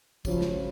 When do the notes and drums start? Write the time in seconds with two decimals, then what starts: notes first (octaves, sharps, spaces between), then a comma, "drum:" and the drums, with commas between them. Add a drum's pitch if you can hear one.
0.25 C#3 F3 F#3 C#4, drum: kick, tambourine
0.41 drum: snare